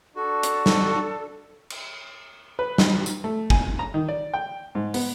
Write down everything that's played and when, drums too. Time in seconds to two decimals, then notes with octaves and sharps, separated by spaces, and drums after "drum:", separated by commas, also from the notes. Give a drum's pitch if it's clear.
0.16 D4 F#4 A4
0.43 drum: hi-hat
0.66 drum: snare
1.70 drum: cymbal
2.59 B4
2.78 drum: snare
3.06 drum: tambourine
3.24 A3
3.50 G#5, drum: kick
3.79 A#5
3.94 D#3
4.09 D5
4.34 G5
4.75 G#2
4.94 B3, drum: open hi-hat